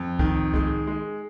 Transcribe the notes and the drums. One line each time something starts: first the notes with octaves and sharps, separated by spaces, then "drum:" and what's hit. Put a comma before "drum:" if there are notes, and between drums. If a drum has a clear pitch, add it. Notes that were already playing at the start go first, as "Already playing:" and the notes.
Already playing: F2
D#3, drum: kick C2
G#3, drum: kick C2
G#3